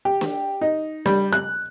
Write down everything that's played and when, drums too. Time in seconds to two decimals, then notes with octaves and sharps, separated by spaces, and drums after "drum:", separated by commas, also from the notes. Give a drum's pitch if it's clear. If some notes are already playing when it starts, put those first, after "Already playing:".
0.05 G4
0.21 drum: snare
0.61 D#4
1.06 G3, drum: snare
1.33 F#6